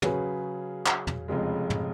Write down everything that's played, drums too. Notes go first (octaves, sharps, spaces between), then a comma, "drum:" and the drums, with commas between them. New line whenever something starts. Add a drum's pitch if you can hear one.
C#3 F#3 C#4 G#4 B4, drum: tom
drum: clap
drum: tom
F1 F2 C#3 G#3
drum: tom